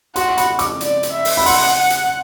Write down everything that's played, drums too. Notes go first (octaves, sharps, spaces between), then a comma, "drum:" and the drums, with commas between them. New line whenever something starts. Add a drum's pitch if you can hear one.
F#4 C6, drum: hi-hat
B5, drum: hi-hat
D6, drum: hi-hat
D5, drum: hi-hat
drum: hi-hat
E5
drum: open hi-hat
B5
F#5 C6, drum: open hi-hat
F#5
drum: hi-hat